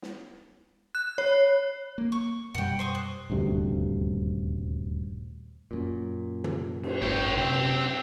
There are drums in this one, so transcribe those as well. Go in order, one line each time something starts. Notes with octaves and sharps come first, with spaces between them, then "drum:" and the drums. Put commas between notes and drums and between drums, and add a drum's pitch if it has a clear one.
drum: snare
F#6
C#5
A#3
C#6
F#2 B2 G3 F#5 G5
C5 C#6 D#6
F#6
D#1 D2 G2 C3
F#2 A#2
drum: tom
drum: cymbal
G#1 C#5 G5
C3 C4